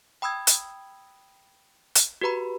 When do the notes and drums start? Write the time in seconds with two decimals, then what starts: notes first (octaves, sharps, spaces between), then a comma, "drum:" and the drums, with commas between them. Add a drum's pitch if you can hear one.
0.22 G5 B5 D#6 E6 G#6
0.47 drum: hi-hat
1.95 drum: hi-hat
2.21 F#4 G4 B4 A#5 B5